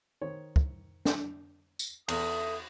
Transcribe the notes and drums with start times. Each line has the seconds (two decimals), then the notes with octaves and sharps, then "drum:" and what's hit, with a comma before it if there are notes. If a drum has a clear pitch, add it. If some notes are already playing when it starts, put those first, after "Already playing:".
0.21 D#3 C5 C#5
0.56 drum: kick
1.05 drum: snare
1.79 drum: tambourine
2.08 E2 A4 E5 D#6, drum: cymbal